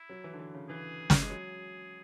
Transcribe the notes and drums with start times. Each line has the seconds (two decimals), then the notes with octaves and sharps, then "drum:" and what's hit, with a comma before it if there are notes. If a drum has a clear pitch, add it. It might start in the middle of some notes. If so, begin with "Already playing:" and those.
Already playing: E4
0.09 F#3
0.24 E3
0.33 D3
0.39 E3
0.54 C#3
0.69 E3 G#4
1.10 drum: snare
1.22 G#3
1.30 F#3